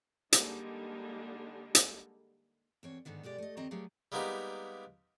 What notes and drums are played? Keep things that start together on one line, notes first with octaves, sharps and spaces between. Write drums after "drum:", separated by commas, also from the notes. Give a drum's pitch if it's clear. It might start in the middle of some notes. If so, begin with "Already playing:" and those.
D3 G3 G#3 A#3 D4 D#4, drum: hi-hat
drum: hi-hat
E2 C4 C#5
G#2 D3 D#3 B3
B2 G#3 G4 D5
A3 D#5
D#2 C4 C#5 D#5 A#5
F#3 A3 A#3 G4 G#4
G3 G#3 A#3 B3 D#4 G4